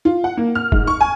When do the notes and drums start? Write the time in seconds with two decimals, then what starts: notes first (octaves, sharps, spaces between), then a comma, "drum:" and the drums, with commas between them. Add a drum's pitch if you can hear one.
0.05 F4
0.24 F#5
0.37 A#3
0.55 F6
0.72 G#2, drum: kick F1
0.87 C#6
1.01 G#5